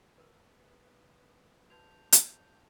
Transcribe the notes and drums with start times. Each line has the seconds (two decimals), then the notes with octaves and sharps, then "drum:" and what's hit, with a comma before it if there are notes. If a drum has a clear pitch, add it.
0.18 B3 A#4 B4
1.70 F#4 B4 A5 G6 G#6 F7
2.12 drum: hi-hat